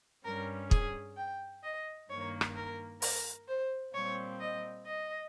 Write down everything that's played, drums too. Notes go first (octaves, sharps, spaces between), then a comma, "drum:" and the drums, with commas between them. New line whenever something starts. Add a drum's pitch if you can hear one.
G2 G3 C#4 A#4
G#4, drum: kick
G5
D#5
G2 D#3 A#3 C#5
drum: rim click
A#4
A#4, drum: open hi-hat
C5
A#2 G3 C4 C#5
D#5
D#5